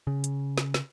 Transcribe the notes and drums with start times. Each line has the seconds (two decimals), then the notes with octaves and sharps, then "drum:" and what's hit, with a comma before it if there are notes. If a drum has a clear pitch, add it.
0.07 C#3
0.24 drum: hi-hat
0.58 drum: snare
0.74 drum: snare